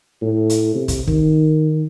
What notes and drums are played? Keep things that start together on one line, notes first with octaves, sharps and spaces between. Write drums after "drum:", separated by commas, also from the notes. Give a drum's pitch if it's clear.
A2
drum: hi-hat
C3
drum: kick, hi-hat
D#3, drum: kick